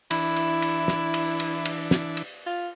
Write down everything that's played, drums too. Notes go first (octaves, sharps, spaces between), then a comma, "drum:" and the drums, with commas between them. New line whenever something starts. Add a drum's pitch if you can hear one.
E3 D4 E4, drum: cymbal
drum: cymbal
drum: cymbal
drum: snare
drum: cymbal
drum: cymbal
drum: cymbal
drum: snare
drum: cymbal
F4